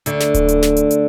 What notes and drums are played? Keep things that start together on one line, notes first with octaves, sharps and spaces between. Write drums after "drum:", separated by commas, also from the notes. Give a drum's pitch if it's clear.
D2 D3, drum: hi-hat
drum: snare
drum: kick D1, hi-hat
drum: hi-hat
drum: snare
drum: hi-hat
drum: hi-hat